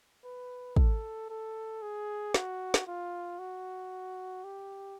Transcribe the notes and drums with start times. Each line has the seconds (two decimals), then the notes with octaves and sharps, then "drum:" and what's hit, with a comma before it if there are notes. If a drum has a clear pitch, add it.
0.24 B4
0.76 A4, drum: kick
1.30 A4
1.82 G#4
2.34 F#4, drum: snare
2.74 drum: snare
2.87 F4
3.39 F#4
4.44 G4